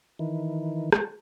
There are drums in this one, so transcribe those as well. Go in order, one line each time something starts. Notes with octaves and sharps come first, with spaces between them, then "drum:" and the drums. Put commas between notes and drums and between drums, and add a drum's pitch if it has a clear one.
D#3 E3
drum: rim click